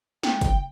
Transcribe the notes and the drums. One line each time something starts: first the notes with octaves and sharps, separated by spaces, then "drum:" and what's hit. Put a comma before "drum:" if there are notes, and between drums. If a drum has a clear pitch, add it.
G5, drum: snare
drum: kick, hi-hat